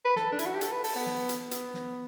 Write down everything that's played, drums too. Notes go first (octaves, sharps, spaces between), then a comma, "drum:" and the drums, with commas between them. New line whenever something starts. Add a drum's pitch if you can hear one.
B4
A4, drum: snare
D4
E4, drum: hi-hat
F#4
G4
A4, drum: hi-hat
B4
A4, drum: open hi-hat
B3
drum: snare
drum: hi-hat
B3, drum: hi-hat
drum: snare